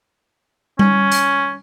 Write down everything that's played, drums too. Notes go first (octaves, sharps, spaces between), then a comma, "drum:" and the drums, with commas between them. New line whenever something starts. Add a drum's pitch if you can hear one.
C#4, drum: tom G3
drum: hi-hat